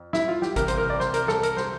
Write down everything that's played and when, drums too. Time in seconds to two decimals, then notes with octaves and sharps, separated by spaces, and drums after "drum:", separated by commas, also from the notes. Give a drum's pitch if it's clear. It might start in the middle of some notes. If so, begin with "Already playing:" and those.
Already playing: F2
0.13 E4, drum: snare
0.28 F4
0.42 G4, drum: snare
0.56 C2 C3 E3 A#4, drum: kick G#1, hi-hat
0.68 C5, drum: hi-hat
0.78 A#4
0.90 D5
1.00 C5, drum: snare
1.14 A#4, drum: hi-hat
1.28 A4, drum: snare
1.43 A#4, drum: hi-hat
1.57 C5, drum: snare